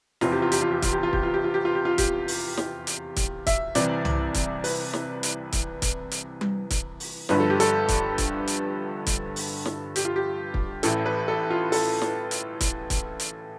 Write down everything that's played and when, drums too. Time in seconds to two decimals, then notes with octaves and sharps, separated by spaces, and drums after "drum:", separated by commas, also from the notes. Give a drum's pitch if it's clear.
0.21 F1 E2 C3 E3 F4, drum: snare
0.32 G4
0.42 F4
0.52 G4, drum: hi-hat
0.62 F4
0.72 G4
0.82 F4, drum: kick, hi-hat
0.92 G4
1.03 F4
1.13 G4, drum: kick
1.23 F4
1.34 G4
1.44 F4
1.54 G4
1.65 F4
1.75 G4
1.85 F4
1.98 G4, drum: kick, hi-hat
2.28 drum: open hi-hat
2.57 drum: snare
2.87 drum: hi-hat
3.16 drum: kick, hi-hat
3.47 E5, drum: kick, hi-hat
3.75 C2 C3 E3 D5, drum: hi-hat
4.05 drum: tom
4.34 drum: kick, hi-hat
4.64 B4, drum: open hi-hat
4.93 drum: snare
5.23 drum: hi-hat
5.52 drum: kick, hi-hat
5.82 drum: kick, hi-hat
6.11 drum: hi-hat
6.41 drum: tom G3
6.70 drum: kick, hi-hat
7.00 drum: open hi-hat
7.29 G1 G2 D3 F3 B4, drum: snare
7.40 A4
7.50 G4
7.60 A4, drum: hi-hat
7.88 drum: kick, hi-hat
8.18 drum: kick, hi-hat
8.48 drum: hi-hat
9.07 drum: kick, hi-hat
9.36 drum: open hi-hat
9.66 drum: snare
9.96 G4, drum: hi-hat
10.05 F4
10.16 G4
10.54 drum: kick
10.83 A1 A2 E3 A4, drum: hi-hat
11.06 B4
11.28 A4
11.50 F4
11.72 A4, drum: open hi-hat
12.02 drum: snare
12.31 drum: hi-hat
12.61 drum: kick, hi-hat
12.90 drum: kick, hi-hat
13.20 drum: hi-hat